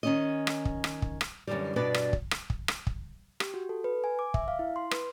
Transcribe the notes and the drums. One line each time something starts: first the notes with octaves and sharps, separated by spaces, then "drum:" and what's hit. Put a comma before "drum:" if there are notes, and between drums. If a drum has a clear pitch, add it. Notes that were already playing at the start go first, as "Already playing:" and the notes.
D#3 C#4 D#5
drum: rim click
drum: kick
drum: rim click
drum: kick
drum: rim click
F#2 A2 D3 E3 G3
G2 B2 D4 B4 D5
drum: rim click
drum: kick
drum: rim click
drum: kick
drum: rim click
drum: kick
G4, drum: rim click
F#4
A4
B4
G#5
D6
E5, drum: kick
F5
E4
C6
B4, drum: rim click